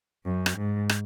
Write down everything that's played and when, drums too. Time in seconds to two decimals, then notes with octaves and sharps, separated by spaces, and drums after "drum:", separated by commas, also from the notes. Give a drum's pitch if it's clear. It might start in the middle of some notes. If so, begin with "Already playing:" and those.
0.25 F#2
0.46 drum: rim click
0.57 G#2
0.89 drum: rim click